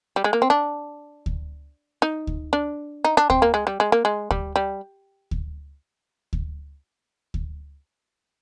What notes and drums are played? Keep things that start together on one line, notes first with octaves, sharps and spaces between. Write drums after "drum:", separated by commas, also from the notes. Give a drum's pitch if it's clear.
G3
G#3
A#3
C4
D4
drum: kick D2
D#4
drum: kick D2
D4
D#4
D4
C4, drum: kick D2
A#3
G#3
G3
G#3
A#3
G#3
G3, drum: kick D2
G3
drum: kick D2
drum: kick D2
drum: kick D2